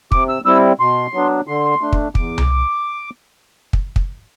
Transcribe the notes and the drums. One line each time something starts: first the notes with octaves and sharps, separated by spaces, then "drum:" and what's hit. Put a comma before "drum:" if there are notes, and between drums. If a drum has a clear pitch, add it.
C3 D6, drum: kick
E6
G3 C4 E4 E6
B2 C6
F#3 B3 D4
D3 C6
A3 D4
drum: kick
E2 D6, drum: kick
drum: tom C2
drum: kick
drum: kick